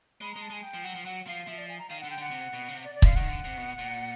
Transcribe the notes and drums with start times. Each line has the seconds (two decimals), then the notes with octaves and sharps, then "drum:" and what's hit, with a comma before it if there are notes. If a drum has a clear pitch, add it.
0.21 G#3 B5
0.32 G#3 A#5
0.42 A5
0.50 G#3 G#5
0.63 G5
0.74 F3
0.84 F#3 F#5
0.95 F3
1.05 F#3 F#5
1.27 F3 F5
1.48 F3 E5
1.58 D5
1.69 G#5
1.79 A#5
1.90 D#3 F5
2.01 D3 F#5
2.10 G5
2.18 D3 F#5
2.31 C3
2.53 B2
2.68 C#3
2.74 C3
2.84 D5
2.95 D5
3.02 D3 F5, drum: kick
3.16 D#3 F#5
3.29 D3
3.44 C3
3.58 B2
3.78 A#2